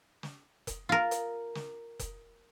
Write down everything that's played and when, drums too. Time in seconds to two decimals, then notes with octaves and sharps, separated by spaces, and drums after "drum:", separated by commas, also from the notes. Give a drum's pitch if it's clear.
0.23 drum: snare
0.67 drum: kick F1, hi-hat
0.89 F4 A#4
1.11 drum: hi-hat
1.55 drum: snare
1.99 drum: kick F1, hi-hat